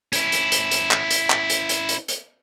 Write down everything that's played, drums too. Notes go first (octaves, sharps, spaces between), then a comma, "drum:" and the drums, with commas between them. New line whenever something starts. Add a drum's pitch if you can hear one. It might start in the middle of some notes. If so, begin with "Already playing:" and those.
C#4 E4, drum: hi-hat
drum: hi-hat
drum: hi-hat
drum: hi-hat
drum: clap
drum: hi-hat
drum: clap
drum: hi-hat
drum: hi-hat
drum: hi-hat
drum: hi-hat